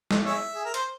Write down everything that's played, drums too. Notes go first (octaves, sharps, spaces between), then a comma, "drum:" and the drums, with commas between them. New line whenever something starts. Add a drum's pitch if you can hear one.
drum: snare
G#4 C#5 E5
G#4
A#4
C5, drum: hi-hat